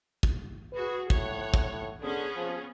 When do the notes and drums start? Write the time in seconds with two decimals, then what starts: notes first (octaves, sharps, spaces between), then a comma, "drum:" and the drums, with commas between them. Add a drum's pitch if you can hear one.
0.23 drum: kick
0.72 F#4 G#4 B4
1.10 A2 C#5 F#5, drum: kick
1.54 drum: kick
1.70 A2
2.01 D3 B3 C#4 G#4
2.36 F3